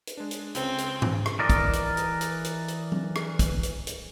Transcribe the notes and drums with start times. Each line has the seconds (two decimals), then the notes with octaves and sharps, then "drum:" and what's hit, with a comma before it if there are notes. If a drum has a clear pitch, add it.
0.07 drum: hi-hat
0.17 G#3 D4
0.31 drum: hi-hat
0.55 C#2 C#3 C4, drum: hi-hat
0.78 drum: hi-hat
1.02 drum: tom G#2
1.26 drum: rim click
1.39 E3 A#4 D5 D#5
1.50 drum: kick, hi-hat
1.73 drum: hi-hat
1.97 drum: hi-hat
2.21 drum: hi-hat
2.44 drum: hi-hat
2.68 drum: hi-hat
2.92 drum: tom F#3
3.16 drum: rim click
3.39 drum: kick, hi-hat
3.63 drum: hi-hat
3.87 drum: hi-hat